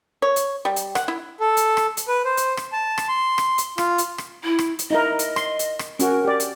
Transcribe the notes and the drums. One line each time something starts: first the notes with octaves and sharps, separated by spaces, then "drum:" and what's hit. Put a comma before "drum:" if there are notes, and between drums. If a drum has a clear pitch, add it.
C#5
drum: hi-hat
G3
drum: hi-hat
F#5, drum: rim click
E4
A4
drum: hi-hat
drum: rim click
drum: hi-hat
B4
C5
drum: hi-hat
drum: rim click
A5
drum: rim click
C6
drum: rim click
drum: hi-hat
F4, drum: rim click
drum: hi-hat
drum: rim click
E4
drum: rim click
drum: hi-hat
D#4 E4 A#4 D#5
drum: hi-hat
C6, drum: rim click
drum: hi-hat
drum: rim click
C#4 F#4 A#4, drum: hi-hat
G4 D5
drum: hi-hat